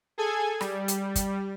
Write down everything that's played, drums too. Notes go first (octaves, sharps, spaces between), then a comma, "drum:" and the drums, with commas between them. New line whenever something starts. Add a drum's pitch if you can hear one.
G#4 A4 G#5 G#6
G3, drum: rim click
drum: hi-hat
drum: kick, hi-hat